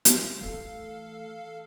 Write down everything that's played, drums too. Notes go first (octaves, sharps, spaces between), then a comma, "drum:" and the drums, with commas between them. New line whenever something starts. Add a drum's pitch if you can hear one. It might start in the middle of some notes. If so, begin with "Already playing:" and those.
drum: hi-hat
E3 A3 A4 F5